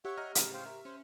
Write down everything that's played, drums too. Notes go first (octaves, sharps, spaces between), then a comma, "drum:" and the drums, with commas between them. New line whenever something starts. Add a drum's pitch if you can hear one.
G4 C#5 E5 F#5 C#6
D#5 A#5 F6
A2 C#3 D#5 A#5, drum: hi-hat
C5 F5 G5
A#4 E5
C#4 C5